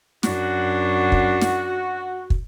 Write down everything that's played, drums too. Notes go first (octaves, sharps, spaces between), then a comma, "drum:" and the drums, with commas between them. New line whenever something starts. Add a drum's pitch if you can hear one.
F#2 D4 F#4, drum: snare
drum: kick
drum: snare
drum: kick